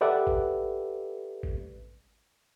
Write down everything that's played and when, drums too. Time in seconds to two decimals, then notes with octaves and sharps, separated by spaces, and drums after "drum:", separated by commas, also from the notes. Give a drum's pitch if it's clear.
0.01 G4 A4 B4 D5 E5 F#5
0.27 drum: kick G#1
1.43 drum: kick G#1